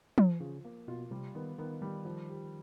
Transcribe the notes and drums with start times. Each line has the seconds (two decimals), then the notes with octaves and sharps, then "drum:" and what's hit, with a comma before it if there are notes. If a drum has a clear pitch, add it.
0.18 F3, drum: tom
0.40 C#3 F4
0.65 A#3
0.88 B2 F4
1.11 C3 G3
1.35 D#3 B3
1.58 D#3 B3
1.82 G3
2.05 F3
2.29 G4